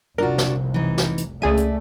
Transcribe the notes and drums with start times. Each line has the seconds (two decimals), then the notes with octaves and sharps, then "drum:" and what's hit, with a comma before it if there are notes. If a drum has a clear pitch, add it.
0.18 F1 C2 D4 F4 F#4 A#4
0.38 drum: snare
0.74 E3 D#4
0.98 drum: snare
1.18 drum: hi-hat
1.42 C#2 A3 G#4 D5 E5 D#7
1.57 drum: hi-hat